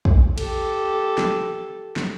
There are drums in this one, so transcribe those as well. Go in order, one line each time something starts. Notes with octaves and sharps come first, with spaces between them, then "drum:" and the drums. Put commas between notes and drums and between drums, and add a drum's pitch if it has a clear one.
drum: kick
G4 A4, drum: cymbal
drum: snare
drum: snare